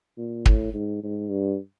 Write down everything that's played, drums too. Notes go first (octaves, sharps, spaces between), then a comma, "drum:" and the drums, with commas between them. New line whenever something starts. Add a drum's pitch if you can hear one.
A#2
A2, drum: kick
G#2
G#2
G2